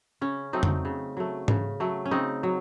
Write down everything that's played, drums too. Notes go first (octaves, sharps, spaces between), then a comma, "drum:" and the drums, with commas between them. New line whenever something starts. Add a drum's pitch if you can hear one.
C#3 C#4
F#3 A3 C4 D#4
drum: tom
C#3
F#3 A3
C#3, drum: tom G#2
F#3 A3
C#4
C#3 C4 D#4
F#3